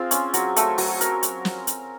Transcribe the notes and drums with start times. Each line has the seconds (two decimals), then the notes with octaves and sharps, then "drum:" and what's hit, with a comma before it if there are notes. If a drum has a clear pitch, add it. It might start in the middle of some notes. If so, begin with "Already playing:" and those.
Already playing: C4 F4 G#4
0.11 C#4, drum: hi-hat
0.34 F#3, drum: hi-hat
0.56 A3, drum: hi-hat
0.78 F#3, drum: open hi-hat
1.01 A#4, drum: hi-hat
1.23 drum: hi-hat
1.45 drum: snare
1.67 drum: hi-hat